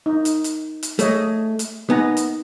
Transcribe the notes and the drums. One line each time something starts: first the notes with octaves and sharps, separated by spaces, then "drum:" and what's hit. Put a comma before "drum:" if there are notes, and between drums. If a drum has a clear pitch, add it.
D#4
drum: hi-hat
drum: hi-hat
drum: hi-hat
A3 G#4 C#5 D#5, drum: hi-hat
drum: hi-hat
B3 D#4 G#5 A#5
drum: hi-hat